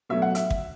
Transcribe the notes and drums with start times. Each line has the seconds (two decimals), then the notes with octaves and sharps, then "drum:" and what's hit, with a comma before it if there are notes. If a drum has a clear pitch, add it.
0.09 B2 F#3 A3 E5
0.22 F#5
0.35 E5, drum: hi-hat
0.50 drum: kick